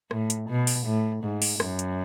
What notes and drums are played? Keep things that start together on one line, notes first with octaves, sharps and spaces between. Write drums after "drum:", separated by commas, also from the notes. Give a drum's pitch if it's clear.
A2, drum: rim click
drum: hi-hat
B2
drum: open hi-hat
A2
G#2
drum: open hi-hat
F#2, drum: rim click
drum: hi-hat